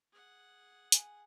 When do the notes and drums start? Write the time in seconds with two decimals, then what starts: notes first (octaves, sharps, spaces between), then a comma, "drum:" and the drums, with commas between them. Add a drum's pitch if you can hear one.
0.12 G#4 F#5
0.92 G#5, drum: hi-hat